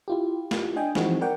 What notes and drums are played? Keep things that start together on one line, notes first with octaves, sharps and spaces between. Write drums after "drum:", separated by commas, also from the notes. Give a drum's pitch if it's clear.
E4 F4 G4
drum: snare A3
D4 D#5 G5 G#5
E3 F3 G#3 C4 D#4 F#4, drum: snare A3
A#4 D5 F#5 G5